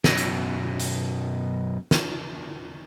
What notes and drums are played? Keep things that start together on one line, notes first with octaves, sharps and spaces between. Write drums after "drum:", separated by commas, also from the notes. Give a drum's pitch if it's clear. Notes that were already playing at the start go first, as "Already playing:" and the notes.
F#2 B2, drum: snare
drum: hi-hat
drum: hi-hat
drum: snare